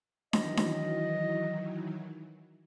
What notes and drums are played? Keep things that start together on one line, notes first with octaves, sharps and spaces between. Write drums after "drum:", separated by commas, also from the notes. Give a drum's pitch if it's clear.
D#3 E3 F#3 D#5, drum: snare D4
drum: snare D4